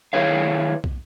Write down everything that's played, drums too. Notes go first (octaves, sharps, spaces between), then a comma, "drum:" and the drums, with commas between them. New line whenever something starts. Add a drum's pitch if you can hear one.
D#3 E4 G#4 B4 C#5 F5
drum: kick